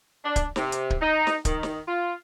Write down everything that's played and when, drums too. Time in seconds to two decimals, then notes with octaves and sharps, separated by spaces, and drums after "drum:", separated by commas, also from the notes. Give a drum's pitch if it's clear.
0.24 D4
0.36 drum: kick D1, hi-hat
0.56 C3, drum: snare
0.72 drum: hi-hat
0.90 drum: kick D1
1.01 D#4
1.27 drum: snare
1.45 D#3, drum: kick D1, hi-hat
1.63 drum: snare
1.86 F4